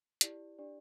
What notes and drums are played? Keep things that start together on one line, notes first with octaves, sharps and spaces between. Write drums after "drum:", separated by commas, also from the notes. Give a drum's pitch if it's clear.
E4 G4 D5, drum: hi-hat
D4 G4 D5